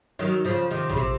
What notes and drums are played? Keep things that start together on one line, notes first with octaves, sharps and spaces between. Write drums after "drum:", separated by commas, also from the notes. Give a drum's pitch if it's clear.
D#3 F#3
C#3 F3
C3 D#3
C#3, drum: tom
C3